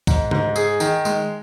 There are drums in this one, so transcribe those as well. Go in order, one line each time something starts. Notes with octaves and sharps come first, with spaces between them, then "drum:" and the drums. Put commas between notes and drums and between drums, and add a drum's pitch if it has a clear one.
G#2, drum: kick, tambourine
G#2, drum: tom C#3
G#4, drum: tambourine
D#3, drum: tambourine
G#3, drum: tambourine